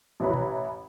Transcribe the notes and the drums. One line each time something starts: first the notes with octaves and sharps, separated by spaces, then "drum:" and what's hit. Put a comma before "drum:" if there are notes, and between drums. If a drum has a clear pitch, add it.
A1 E4 B4 C#5 A#5 B5
drum: tom B2